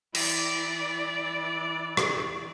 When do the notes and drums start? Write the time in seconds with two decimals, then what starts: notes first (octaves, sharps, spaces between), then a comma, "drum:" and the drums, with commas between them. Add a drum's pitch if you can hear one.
0.15 E3 D5, drum: cymbal
1.97 drum: rim click